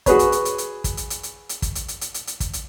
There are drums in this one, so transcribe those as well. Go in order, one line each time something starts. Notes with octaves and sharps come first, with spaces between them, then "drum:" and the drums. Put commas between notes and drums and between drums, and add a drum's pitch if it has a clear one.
F#4 G#4 B4 C#5, drum: kick, hi-hat
drum: hi-hat
drum: hi-hat
drum: hi-hat
drum: hi-hat
drum: kick, hi-hat
drum: hi-hat
drum: hi-hat
drum: hi-hat
drum: hi-hat
drum: kick, hi-hat
drum: hi-hat
drum: hi-hat
drum: hi-hat
drum: hi-hat
drum: hi-hat
drum: kick, hi-hat
drum: hi-hat